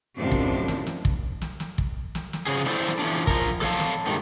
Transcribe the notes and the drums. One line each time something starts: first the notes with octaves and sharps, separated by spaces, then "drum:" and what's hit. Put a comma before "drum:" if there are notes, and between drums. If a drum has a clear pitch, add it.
F#2 A2 C3 D#3 F3 D4
drum: kick
drum: snare
drum: snare
drum: kick
drum: snare
drum: snare
drum: kick
drum: snare
drum: snare
C#3 F3 F#3 G#4
D4 E4 A4 C5 D5
drum: snare
E3 F3 C#4 D4
F3 A#4, drum: kick
A4 C#5 F5 A5, drum: snare
drum: snare
G2 A#2 D#3 G#3